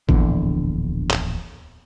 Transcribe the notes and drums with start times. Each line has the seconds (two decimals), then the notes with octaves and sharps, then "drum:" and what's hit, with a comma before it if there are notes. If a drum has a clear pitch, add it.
0.09 D1 A#1 E2 D3, drum: kick G#1
1.10 drum: clap